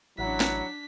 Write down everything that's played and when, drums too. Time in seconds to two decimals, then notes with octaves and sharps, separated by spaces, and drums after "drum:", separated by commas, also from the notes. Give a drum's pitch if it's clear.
0.18 A1 F#3 D4 E4 F#5 B6
0.40 drum: snare